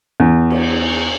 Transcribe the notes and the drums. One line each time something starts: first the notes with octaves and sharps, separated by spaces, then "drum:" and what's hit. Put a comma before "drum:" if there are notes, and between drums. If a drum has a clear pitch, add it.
E2
drum: cymbal